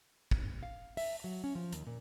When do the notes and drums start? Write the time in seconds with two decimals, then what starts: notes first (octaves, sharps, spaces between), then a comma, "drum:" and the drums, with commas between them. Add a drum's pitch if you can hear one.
0.31 drum: kick
0.63 F5
0.97 E5, drum: open hi-hat
1.24 F#3
1.44 C#4
1.55 F3
1.73 D#2, drum: hi-hat
1.87 A#2